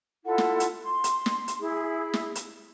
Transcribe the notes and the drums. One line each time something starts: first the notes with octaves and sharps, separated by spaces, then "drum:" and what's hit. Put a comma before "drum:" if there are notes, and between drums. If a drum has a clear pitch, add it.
E4 F4 A4 F#5
drum: snare
drum: hi-hat
C6
drum: hi-hat
drum: snare
drum: hi-hat
E4 G#4
drum: snare
drum: hi-hat